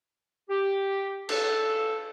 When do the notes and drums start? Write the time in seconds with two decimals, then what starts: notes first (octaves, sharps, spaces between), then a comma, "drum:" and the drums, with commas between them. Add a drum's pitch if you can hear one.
0.49 G4
1.29 A4, drum: cymbal